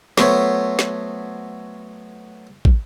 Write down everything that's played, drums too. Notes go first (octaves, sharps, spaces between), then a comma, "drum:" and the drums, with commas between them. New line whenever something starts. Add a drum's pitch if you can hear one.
F#3 A3 B3 A4 C5 C#5, drum: snare
drum: snare
drum: kick